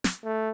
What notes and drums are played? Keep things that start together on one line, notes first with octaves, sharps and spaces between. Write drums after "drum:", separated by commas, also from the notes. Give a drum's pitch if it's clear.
drum: snare
A3